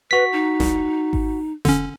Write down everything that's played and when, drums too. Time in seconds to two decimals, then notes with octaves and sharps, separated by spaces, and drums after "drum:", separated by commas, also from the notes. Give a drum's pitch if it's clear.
0.11 F#4 B4 B6
0.32 D#4
0.60 C2, drum: snare F1
1.13 drum: kick G#1
1.65 D3 C#4, drum: snare F1